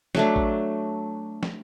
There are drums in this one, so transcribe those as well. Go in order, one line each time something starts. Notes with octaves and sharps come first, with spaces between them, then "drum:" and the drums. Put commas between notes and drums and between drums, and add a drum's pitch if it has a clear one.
F#3 A3 D4, drum: snare
drum: kick A1
drum: snare